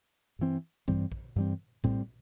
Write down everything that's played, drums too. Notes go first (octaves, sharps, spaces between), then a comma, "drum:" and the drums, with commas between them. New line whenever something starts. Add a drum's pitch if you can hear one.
G2 E3 C4
G2 E3 G3 C4, drum: kick A#1
drum: kick A#1
G2 E3 G3 C4
A2 G3 C4, drum: kick A#1